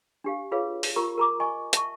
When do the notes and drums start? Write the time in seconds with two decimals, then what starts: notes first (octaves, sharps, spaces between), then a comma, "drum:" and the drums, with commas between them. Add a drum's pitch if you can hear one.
0.24 D4 G4 F5
0.51 F4 G#4 B4 C#5 F5
0.83 drum: open hi-hat
0.96 F4 G4 A#4 A#5 C#6
1.18 A#4 A#5 D6
1.40 D#5 G#5 C#6
1.73 E5 A5 C#6, drum: hi-hat